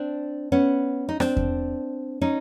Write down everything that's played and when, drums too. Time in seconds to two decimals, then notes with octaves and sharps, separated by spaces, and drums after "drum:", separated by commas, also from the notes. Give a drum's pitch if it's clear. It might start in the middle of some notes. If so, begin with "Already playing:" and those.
Already playing: C4 D4
0.52 B3 C#4
1.09 D#4
1.20 C4 D4, drum: rim click
1.37 drum: kick E2
2.21 C#4 D#4